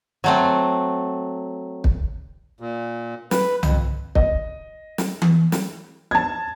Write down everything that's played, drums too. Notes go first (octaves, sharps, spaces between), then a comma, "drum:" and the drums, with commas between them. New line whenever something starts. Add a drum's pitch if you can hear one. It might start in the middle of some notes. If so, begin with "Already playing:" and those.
F#3 A3 C4
drum: kick
A#2
B4, drum: snare
F2, drum: tom C2
D#5, drum: kick
drum: snare
drum: tom E3
drum: snare
A5 G#6